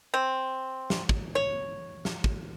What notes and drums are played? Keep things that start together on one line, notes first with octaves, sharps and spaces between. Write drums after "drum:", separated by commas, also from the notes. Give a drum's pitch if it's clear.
C4
drum: snare
drum: kick
C#5
drum: snare
drum: kick